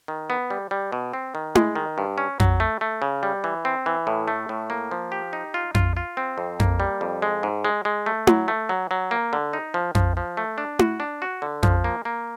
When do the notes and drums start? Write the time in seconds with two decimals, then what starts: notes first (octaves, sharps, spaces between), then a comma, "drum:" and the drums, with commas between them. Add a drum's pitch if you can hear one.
0.08 D#3
0.30 B3
0.50 G3
0.71 G3
0.92 B2
1.14 C4
1.35 D#3
1.55 G#3, drum: tom E4
1.75 D#3
1.98 G2
2.18 C#4
2.40 F#3, drum: tom F2
2.60 A3
2.81 A3
3.02 C#3
3.23 G3
3.44 E3
3.65 C4
3.86 E3
4.07 A2
4.28 A3
4.49 A2
4.70 A#3
4.91 F3
5.12 G4
5.33 D#4
5.54 F4
5.75 F4, drum: tom F2
5.97 F4
6.17 C4
6.38 F2
6.60 A#3, drum: tom F2
6.80 G3
7.01 F2
7.22 G#3
7.43 G#2
7.65 G#3
7.85 G#3
8.06 A3
8.27 F#3, drum: tom E4
8.48 A3
8.69 F#3
8.91 F#3
9.11 A#3
9.33 D3
9.53 D#4
9.74 F3
9.95 F3, drum: tom F2
10.17 F3
10.37 A3
10.58 D4
10.79 F#4, drum: tom E4
11.00 D4
11.22 F#4
11.42 D3
11.63 F3, drum: tom F2
11.84 A#3
12.05 A#3